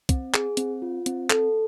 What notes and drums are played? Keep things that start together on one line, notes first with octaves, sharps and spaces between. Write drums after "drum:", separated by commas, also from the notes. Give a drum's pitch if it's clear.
C4, drum: kick, hi-hat
G#4, drum: clap
C4, drum: hi-hat
F4
C4, drum: hi-hat
A4, drum: clap